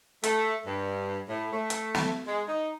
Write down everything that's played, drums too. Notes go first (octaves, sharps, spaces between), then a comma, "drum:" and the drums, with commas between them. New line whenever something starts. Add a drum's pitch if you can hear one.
A3, drum: hi-hat
G2
A2
A3
drum: hi-hat
drum: snare
G#3
D#4